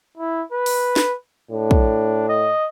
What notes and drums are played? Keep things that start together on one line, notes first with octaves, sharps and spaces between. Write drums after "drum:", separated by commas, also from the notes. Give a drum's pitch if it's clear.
E4
B4
drum: open hi-hat
drum: snare
A2 D4
drum: kick
D#5